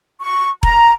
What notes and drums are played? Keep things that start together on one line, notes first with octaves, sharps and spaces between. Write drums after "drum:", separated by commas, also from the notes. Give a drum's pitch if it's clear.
C#6
A#5, drum: kick E1